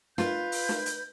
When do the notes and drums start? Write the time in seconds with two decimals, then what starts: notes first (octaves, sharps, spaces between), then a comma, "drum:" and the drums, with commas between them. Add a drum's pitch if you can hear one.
0.18 F4 B4 G6, drum: snare
0.52 drum: open hi-hat
0.69 drum: snare
0.86 drum: hi-hat